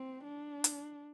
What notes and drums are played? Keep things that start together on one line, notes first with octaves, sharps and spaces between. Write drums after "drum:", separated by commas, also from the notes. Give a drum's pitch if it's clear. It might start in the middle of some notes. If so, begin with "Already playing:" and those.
Already playing: C4
D4
drum: hi-hat